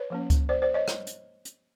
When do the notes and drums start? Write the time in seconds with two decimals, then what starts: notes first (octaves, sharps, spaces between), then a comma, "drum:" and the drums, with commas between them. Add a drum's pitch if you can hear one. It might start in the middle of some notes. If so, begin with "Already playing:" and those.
Already playing: B4 C#5
0.10 F3 A#3 C#4
0.30 drum: kick C#2, hi-hat
0.49 C5 D5
0.62 C5 D5
0.74 C#5 D#5
0.88 drum: rim click
1.07 drum: hi-hat
1.45 drum: hi-hat